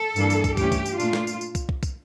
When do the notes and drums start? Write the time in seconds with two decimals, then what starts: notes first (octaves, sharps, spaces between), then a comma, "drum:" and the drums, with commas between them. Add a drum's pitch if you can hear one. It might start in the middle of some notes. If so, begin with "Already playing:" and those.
Already playing: A4
0.16 G2 E3 A#3 D4, drum: tambourine
0.30 drum: tambourine
0.44 drum: kick, tambourine
0.57 G2 E3 A3 C#4 G4, drum: kick, tambourine
0.72 drum: kick, tambourine
0.86 drum: tambourine
1.00 A#2 A3 D4 F4, drum: tambourine
1.13 drum: snare
1.27 drum: tambourine
1.41 drum: tambourine
1.55 drum: kick, tambourine
1.69 drum: kick
1.83 drum: kick, tambourine